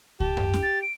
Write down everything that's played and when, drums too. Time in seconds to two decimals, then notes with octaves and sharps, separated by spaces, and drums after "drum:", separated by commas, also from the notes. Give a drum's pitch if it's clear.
0.20 G4 A5, drum: kick C#2
0.37 drum: tom F#2
0.54 drum: snare
0.63 A6
0.82 D7